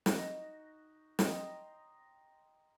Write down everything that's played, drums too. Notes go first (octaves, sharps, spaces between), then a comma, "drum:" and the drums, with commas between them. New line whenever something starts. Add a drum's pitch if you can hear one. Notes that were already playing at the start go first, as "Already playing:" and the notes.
D#4 F#4, drum: snare
D#5 G5 A#5 C6, drum: snare